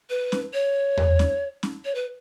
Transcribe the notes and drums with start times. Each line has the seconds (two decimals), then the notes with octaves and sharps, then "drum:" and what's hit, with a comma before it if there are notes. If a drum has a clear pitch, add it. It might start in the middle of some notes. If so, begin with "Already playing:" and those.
0.10 B4
0.32 drum: snare C#4
0.53 C#5
0.97 drum: tom E2
1.19 drum: snare C#4
1.63 drum: snare C#4
1.85 C#5
1.95 B4